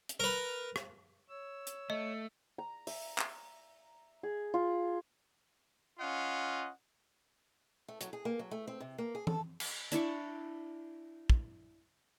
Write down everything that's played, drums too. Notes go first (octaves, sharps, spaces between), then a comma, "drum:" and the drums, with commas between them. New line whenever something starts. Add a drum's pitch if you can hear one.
drum: hi-hat
A#4 B4
drum: rim click
C#5 E6
drum: hi-hat
A3 D#5
A#5
E5, drum: open hi-hat
drum: clap
G#4
F4
C#4 F4 D#5 F5 F#5
A3
F#3, drum: hi-hat
G#4
A#3
F#3
A3
C4
C3
A#3
G#4
A4, drum: tom E3
drum: cymbal
D4 E4 D5 C#6, drum: hi-hat
drum: kick